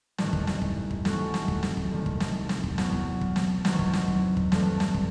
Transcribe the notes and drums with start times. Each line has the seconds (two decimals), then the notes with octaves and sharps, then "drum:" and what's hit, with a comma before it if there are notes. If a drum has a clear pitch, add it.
0.18 A1 G2 D#3, drum: snare
0.33 drum: kick
0.47 drum: snare
0.62 drum: kick
0.91 drum: kick
1.05 F#2 D#3 A3 C4 F#4, drum: snare
1.34 drum: snare
1.48 drum: kick
1.63 drum: snare
1.77 drum: kick
1.91 C2 C3 D#3 A3
2.06 drum: kick
2.20 drum: snare
2.49 drum: snare
2.64 drum: kick
2.78 E2 B2 F#3 B3, drum: snare
2.92 drum: kick
3.21 drum: kick
3.36 drum: snare
3.65 E2 D#3 F#3 C4, drum: snare
3.79 drum: kick
3.93 drum: snare
4.08 drum: kick
4.37 drum: kick
4.52 G2 E3 A3 C4, drum: snare
4.80 drum: snare
4.94 drum: kick